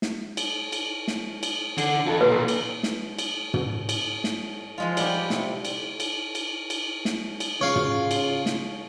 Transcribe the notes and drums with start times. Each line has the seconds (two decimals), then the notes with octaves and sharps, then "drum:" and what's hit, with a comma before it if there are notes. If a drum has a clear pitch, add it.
0.02 drum: snare
0.37 drum: cymbal
0.72 drum: cymbal
1.08 drum: snare
1.43 drum: cymbal
1.78 D3, drum: cymbal
2.07 F4 A4
2.21 B1 A#2 B4
2.48 drum: cymbal
2.83 drum: snare
3.19 drum: cymbal
3.54 drum: tom
3.89 drum: cymbal
4.24 drum: snare
4.78 F3 G#3 F4
4.97 G3 B3 G4, drum: cymbal
5.30 C3, drum: snare
5.65 drum: cymbal
6.00 drum: cymbal
6.35 drum: cymbal
6.70 drum: cymbal
7.05 drum: snare
7.40 drum: cymbal
7.61 C#3 F4 C#5 F5
7.76 drum: tom
8.11 drum: cymbal
8.46 drum: snare